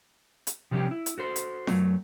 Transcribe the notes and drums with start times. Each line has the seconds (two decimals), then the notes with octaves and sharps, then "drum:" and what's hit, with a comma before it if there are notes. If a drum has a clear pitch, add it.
0.47 drum: hi-hat
0.71 C3 F3 G3 B3 C#4 G4
0.91 E4
1.06 drum: hi-hat
1.18 F#4 A4 C5
1.36 drum: hi-hat
1.67 F#2 A#2 F#3 A3, drum: snare F4